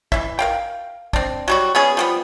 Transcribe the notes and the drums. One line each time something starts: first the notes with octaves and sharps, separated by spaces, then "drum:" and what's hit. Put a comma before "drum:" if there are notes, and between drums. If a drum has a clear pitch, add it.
E3 E5, drum: kick
A#4 F5 G5
C4 D4, drum: kick
F#3 G3 F#4
B3 C#4 G#4
F3 G3 B3